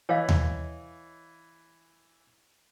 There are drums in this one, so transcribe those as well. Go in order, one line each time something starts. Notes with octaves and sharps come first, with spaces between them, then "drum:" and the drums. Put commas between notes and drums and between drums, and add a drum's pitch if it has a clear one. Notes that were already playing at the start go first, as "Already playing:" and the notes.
E3 C#5 D#5 F5
drum: tom D#2